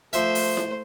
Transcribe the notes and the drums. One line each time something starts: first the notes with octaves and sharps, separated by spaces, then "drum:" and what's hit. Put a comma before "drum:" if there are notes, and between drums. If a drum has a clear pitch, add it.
F3 A3 C5 E5, drum: hi-hat
drum: open hi-hat
drum: snare E4